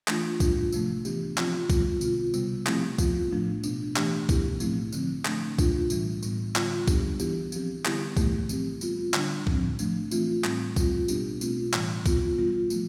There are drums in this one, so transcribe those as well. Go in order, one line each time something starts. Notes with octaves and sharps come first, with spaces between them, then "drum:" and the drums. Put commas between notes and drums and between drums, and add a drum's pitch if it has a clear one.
E3 A3 D4 F4, drum: clap
A2 G3 D4 F4, drum: kick B1, tambourine
C3 F3 A3, drum: tambourine
E3 B3 D4 G4, drum: tambourine
F3 C4 F4, drum: clap
D3 G3 B3 F4, drum: kick B1, tambourine
B2 B3 F4, drum: tambourine
C3 G3 B3, drum: tambourine
F3 A3 C4 E4 G4, drum: clap
F3 B3 F4, drum: kick B1, tambourine
A2 F3 A3 D4
B2 B3 D4, drum: tambourine
E3 A3 D4 G4, drum: clap
B2 B3 E4 G4, drum: kick B1, tambourine
A2 F3 A3 C4 E4, drum: tambourine
D3 F3 C4, drum: tambourine
F3 A3 D4, drum: clap
B2 A3 D4 F4, drum: kick B1, tambourine
A2 E3 G3, drum: tambourine
A2 G3 B3, drum: tambourine
D3 G3 B3 F4, drum: clap
G3 B3 D4 G4, drum: kick B1, tambourine
E3 B3 E4 G4, drum: tambourine
F3 C4 G4, drum: tambourine
D3 G3 B3 E4 G4, drum: clap
A2 E3 A3 E4 G4, drum: kick B1, tambourine
F3 C4 G4, drum: tambourine
G3 B3 F4, drum: tambourine
D3 G3 D4, drum: clap
A2 F3 C4, drum: kick B1
F3 A3 D4, drum: tambourine
E3 A3 C4 F4, drum: tambourine
A2 G3 C4, drum: clap
G3 C4 F4, drum: kick B1, tambourine
B2 G3 B3 D4 G4, drum: tambourine
B2 A3 C4 F4, drum: tambourine
A2 E3 G3, drum: clap
B2 B3 F4, drum: kick B1, tambourine
G3 B3 F4
F3 A3, drum: tambourine